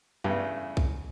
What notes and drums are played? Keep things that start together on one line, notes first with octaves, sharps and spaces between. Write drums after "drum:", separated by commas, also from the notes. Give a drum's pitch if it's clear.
E2 G2 C#3 A3
drum: kick B1